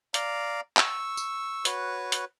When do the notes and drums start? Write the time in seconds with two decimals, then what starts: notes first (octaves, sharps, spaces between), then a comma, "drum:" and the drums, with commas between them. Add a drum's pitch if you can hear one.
0.14 D5 F5 A#5, drum: hi-hat
0.77 C#6 E6, drum: clap
1.17 drum: tambourine
1.65 F#4 B4 C#5, drum: hi-hat
2.12 drum: hi-hat